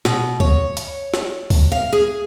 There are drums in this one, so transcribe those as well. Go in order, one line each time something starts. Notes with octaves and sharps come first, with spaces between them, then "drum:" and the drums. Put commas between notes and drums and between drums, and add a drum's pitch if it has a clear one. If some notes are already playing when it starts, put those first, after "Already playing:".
B2, drum: snare
C#5, drum: kick D2
drum: hi-hat
drum: snare
drum: kick D2, open hi-hat
F5
G#4